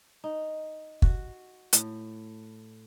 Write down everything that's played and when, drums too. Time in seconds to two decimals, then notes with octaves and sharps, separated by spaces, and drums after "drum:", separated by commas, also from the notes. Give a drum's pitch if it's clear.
0.24 D#4
1.02 F#4, drum: kick
1.73 A2, drum: hi-hat